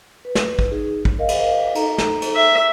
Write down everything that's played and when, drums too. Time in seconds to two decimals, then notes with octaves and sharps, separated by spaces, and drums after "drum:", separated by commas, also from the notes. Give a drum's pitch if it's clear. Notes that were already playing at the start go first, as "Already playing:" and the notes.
0.25 B4
0.35 drum: snare
0.59 drum: kick
0.71 D#4 G#4
1.05 drum: kick
1.19 A#4 D#5 F5
1.29 drum: cymbal
1.75 D#4 A4 A#5, drum: cymbal
1.98 drum: snare
2.22 drum: cymbal
2.36 E5